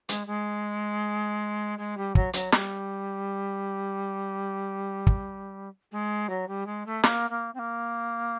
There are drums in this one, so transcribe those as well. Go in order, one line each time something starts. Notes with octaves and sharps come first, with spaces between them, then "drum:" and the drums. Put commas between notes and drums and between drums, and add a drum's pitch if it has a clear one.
G#3, drum: hi-hat
G#3
G#3
G3
F#3, drum: kick
F#3, drum: hi-hat
G3, drum: snare
drum: kick
G#3
F#3
G3
G#3
A3
A#3, drum: snare
A#3
C4
A#3